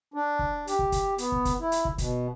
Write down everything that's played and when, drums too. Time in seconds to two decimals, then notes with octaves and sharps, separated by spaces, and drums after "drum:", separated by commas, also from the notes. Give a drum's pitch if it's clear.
0.14 D4
0.39 drum: kick
0.67 G4, drum: hi-hat
0.79 drum: kick
0.92 drum: kick, hi-hat
1.18 B3, drum: hi-hat
1.32 drum: kick
1.45 drum: kick, hi-hat
1.60 E4
1.72 drum: hi-hat
1.85 drum: kick
1.98 B2, drum: kick, hi-hat